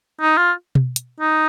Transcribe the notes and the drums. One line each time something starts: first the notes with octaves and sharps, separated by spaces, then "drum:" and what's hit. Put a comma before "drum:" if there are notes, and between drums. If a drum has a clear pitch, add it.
D#4
F4
drum: tom B2
drum: hi-hat
D#4